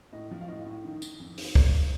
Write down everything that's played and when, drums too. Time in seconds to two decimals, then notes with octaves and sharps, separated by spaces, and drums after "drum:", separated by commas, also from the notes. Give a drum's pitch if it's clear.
0.13 A2 D#5
0.31 F3
0.41 F5
0.48 A2 D#5
0.66 A2
0.84 D#3
1.02 D#3, drum: tambourine
1.20 F2
1.38 D#3, drum: open hi-hat
1.55 G2, drum: kick